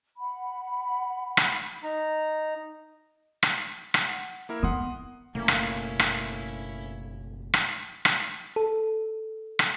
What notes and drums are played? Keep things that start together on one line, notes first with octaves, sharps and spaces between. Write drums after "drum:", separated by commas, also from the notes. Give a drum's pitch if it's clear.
F#5 B5
drum: rim click
D#4 A#5
drum: rim click
drum: rim click
F#5
A#3 E4 A#4
B3 F#5 C6 D#6
F#1 B2 A3 A#3 C#4 E4
drum: rim click
drum: rim click
drum: rim click
drum: rim click
A4
drum: rim click